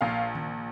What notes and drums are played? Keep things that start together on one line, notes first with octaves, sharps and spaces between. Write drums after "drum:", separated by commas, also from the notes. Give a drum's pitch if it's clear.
A#1 F5
drum: tom D#3